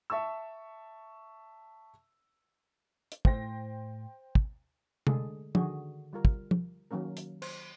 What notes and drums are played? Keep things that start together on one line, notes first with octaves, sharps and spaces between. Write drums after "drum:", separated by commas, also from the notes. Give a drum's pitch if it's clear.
E5 A5 C#6 E6
drum: hi-hat
A2 C5 G5 A#6, drum: kick
drum: kick
D3 G#3 A3 G#4 A4, drum: tom
D3 D#3 F#4 G#4, drum: tom
G3 F4 A#4
drum: kick
drum: tom
D#3 F#3 A#3 C#4 A#4
drum: hi-hat
C5, drum: cymbal